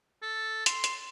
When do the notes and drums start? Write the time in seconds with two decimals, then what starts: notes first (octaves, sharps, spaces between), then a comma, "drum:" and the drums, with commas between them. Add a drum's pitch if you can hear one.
0.22 A4
0.66 C6, drum: hi-hat
0.84 drum: hi-hat